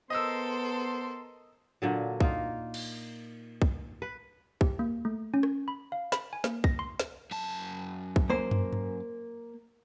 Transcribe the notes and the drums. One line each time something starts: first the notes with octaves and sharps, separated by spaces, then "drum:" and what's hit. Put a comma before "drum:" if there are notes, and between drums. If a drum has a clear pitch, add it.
B3 A4 A#4 C5 D#5 C6 E6
A#2 D3 F#3
A#3 D#4 F4, drum: kick
drum: cymbal
drum: kick
B4
G4, drum: kick
A#3
A3
C#4
drum: rim click
B5
F5
B5, drum: snare
G#5
A#3, drum: snare
A#6, drum: kick
C6
drum: snare
F#2 A5
drum: kick
A#3 C5
drum: tom
drum: tom G2